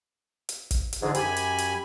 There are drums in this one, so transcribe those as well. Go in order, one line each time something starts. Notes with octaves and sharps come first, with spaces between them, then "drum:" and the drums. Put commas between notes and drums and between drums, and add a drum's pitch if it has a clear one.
drum: hi-hat
drum: kick, hi-hat
drum: hi-hat
G#2 D3 E3 D4 F4 G#4
F#2 G4 G#5 B5, drum: hi-hat
drum: hi-hat
drum: hi-hat